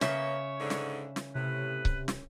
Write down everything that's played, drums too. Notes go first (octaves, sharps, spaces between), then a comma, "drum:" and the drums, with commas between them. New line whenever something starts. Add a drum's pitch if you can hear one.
C#3 A#3 B3 C#4 C#5 E5, drum: snare
G#2 D3
drum: snare
drum: snare
A2 C3 B4
drum: kick C#1
drum: snare